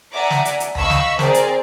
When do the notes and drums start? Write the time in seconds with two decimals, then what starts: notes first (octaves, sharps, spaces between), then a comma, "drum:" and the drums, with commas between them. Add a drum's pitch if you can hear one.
0.13 D5 E5 F#5 G#5 A#5 D6
0.30 drum: snare
0.45 drum: hi-hat
0.60 drum: hi-hat
0.75 D#5 F5 B5 C#6 E6 B6, drum: tom D2
0.90 drum: snare
1.19 C4 G#4 A#4 C5 D5, drum: snare
1.34 drum: hi-hat